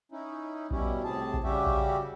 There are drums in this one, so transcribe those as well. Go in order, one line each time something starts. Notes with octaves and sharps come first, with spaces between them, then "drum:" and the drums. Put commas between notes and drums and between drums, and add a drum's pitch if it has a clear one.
C#4 D#4 E4
B2 G3 C#4 E4, drum: kick A#1
A2 C3 G#4 A5
drum: kick A#1
C#3 G3 C#4 F#4 G4 E5
drum: kick A#1